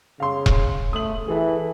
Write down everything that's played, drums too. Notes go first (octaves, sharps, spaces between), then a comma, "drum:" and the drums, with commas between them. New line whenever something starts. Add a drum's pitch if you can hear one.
C#3 F5 C6
drum: kick E1
A3 D#6 F#7
E3 G#4 A4 E5